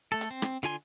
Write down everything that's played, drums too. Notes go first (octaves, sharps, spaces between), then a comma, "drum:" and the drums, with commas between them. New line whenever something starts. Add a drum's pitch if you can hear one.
A3 A4
drum: hi-hat
C4
drum: rim click
D3 F4 G#5 C6, drum: hi-hat